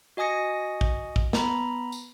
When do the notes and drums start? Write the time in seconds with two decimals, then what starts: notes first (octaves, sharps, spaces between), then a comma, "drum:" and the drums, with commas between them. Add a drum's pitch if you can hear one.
0.17 F#4 D#5 G#5 D#6 A#6 C#7
0.81 drum: kick
1.16 drum: kick
1.33 B3 A#5 B5, drum: snare
1.92 drum: tambourine